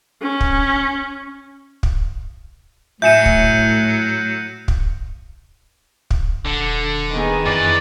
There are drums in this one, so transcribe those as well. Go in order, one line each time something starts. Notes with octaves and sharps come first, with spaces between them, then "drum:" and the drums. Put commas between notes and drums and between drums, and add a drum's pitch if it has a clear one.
C#4
drum: kick
drum: kick
A2 F#3 E5 G#5 G6 C#7 D#7 E7
drum: kick
drum: kick
drum: kick
D#1 D3
D#3 B3 G#4
F2 E3 B4 D5